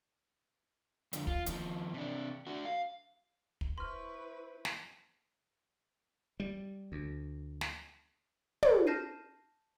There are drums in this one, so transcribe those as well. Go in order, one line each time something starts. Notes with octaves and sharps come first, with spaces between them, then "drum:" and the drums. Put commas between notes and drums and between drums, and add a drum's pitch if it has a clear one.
F2 D3, drum: hi-hat
F4, drum: kick
D#2 F3, drum: hi-hat
C3 D4
D4 F#4
F5
drum: kick
E4 B4 C5 C6 C#6 F6
drum: snare
G3
D2
drum: snare
drum: tom
A5 F6 G6 A#6 C7 D#7